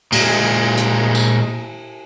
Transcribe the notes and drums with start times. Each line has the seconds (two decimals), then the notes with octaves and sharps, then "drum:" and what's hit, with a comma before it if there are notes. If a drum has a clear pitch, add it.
0.12 A#2 G#3, drum: cymbal
0.77 drum: hi-hat
1.15 drum: tambourine